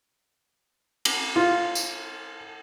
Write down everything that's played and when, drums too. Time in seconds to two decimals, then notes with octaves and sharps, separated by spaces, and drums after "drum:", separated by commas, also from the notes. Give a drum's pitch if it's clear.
1.05 drum: cymbal
1.36 F4
1.75 drum: tambourine